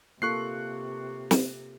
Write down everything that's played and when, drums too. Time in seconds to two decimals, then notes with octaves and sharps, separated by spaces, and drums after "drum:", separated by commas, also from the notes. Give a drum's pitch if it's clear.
0.22 C3 A#3 F4 A4 C#6 F#6 C7
1.31 drum: snare